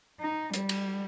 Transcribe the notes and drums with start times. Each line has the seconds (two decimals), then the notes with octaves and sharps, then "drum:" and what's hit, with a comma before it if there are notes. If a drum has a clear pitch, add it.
0.21 D#4
0.54 G3, drum: hi-hat
0.69 drum: cymbal